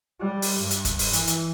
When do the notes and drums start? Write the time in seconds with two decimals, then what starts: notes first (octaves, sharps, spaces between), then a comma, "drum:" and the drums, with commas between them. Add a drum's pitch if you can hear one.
0.20 G3
0.42 drum: open hi-hat
0.60 G2
0.71 drum: hi-hat
0.85 drum: kick, hi-hat
0.99 drum: open hi-hat
1.13 E3, drum: hi-hat
1.27 drum: hi-hat